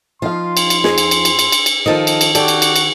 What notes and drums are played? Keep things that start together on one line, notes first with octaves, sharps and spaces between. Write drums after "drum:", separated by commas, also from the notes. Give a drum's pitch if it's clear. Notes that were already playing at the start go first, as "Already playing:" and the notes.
F3 D#4 F4 F5 C6
drum: cymbal
drum: cymbal
F2 G#4, drum: snare
drum: cymbal
drum: cymbal
drum: cymbal
drum: cymbal
drum: cymbal
drum: cymbal
D#3 F3 A4 D#5 A5
drum: cymbal
drum: cymbal
F#4 G4 A4 D5, drum: cymbal
drum: cymbal
drum: cymbal
drum: cymbal